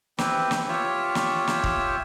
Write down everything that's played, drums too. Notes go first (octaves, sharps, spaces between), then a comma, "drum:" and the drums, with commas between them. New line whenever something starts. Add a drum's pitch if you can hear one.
C4 E4 G4 B4, drum: snare
drum: snare
F4 G4 C#5 E5
drum: snare
drum: snare
drum: kick